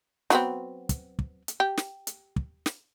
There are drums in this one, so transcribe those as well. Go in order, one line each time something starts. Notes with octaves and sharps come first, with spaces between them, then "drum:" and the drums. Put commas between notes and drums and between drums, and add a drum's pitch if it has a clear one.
F#3 B3 C4, drum: snare
drum: kick, hi-hat
drum: kick
drum: hi-hat
G4
drum: snare
drum: hi-hat
drum: kick
drum: snare